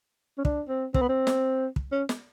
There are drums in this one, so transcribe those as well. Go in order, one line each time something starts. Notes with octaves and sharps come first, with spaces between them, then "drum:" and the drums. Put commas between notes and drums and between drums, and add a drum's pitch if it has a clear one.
C#4
D4, drum: kick
C4
C4, drum: kick
B3
C4
drum: snare
drum: kick
C#4
drum: snare